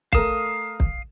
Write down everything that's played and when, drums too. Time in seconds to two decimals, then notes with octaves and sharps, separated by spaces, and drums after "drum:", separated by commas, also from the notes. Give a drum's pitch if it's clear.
0.13 A3 A#4 F5 D#6 E7, drum: kick
0.80 drum: kick